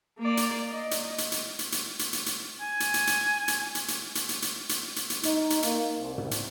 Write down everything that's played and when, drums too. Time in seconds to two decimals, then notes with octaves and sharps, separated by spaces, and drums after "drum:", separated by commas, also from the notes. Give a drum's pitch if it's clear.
0.19 A#3 D5
0.37 drum: hi-hat
0.70 D#5
0.91 drum: hi-hat
1.18 drum: hi-hat
1.32 drum: hi-hat
1.59 drum: hi-hat
1.72 drum: hi-hat
1.99 drum: hi-hat
2.13 drum: hi-hat
2.26 drum: hi-hat
2.61 G#5
2.80 drum: hi-hat
2.94 drum: hi-hat
3.07 drum: hi-hat
3.48 drum: hi-hat
3.75 drum: hi-hat
3.88 drum: hi-hat
4.15 drum: hi-hat
4.29 drum: hi-hat
4.42 drum: hi-hat
4.69 drum: hi-hat
4.96 drum: hi-hat
5.10 drum: hi-hat
5.23 D#4, drum: hi-hat
5.50 drum: hi-hat
5.63 A#3, drum: hi-hat
5.98 C2
6.18 drum: tom
6.31 drum: hi-hat